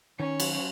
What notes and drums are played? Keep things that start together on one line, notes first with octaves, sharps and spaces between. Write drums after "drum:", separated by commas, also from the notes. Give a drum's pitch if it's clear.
D#3 C#4
F#3, drum: cymbal